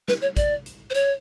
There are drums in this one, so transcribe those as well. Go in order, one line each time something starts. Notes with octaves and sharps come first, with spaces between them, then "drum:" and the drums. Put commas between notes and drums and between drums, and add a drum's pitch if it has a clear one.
B4, drum: snare
C#5
D5, drum: kick, hi-hat
drum: hi-hat
C5
C#5, drum: hi-hat